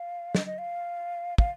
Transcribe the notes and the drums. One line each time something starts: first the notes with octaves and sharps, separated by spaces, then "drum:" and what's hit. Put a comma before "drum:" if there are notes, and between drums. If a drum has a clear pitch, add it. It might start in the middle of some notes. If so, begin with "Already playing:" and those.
Already playing: F5
D#5, drum: snare
D#5
F5
F5, drum: kick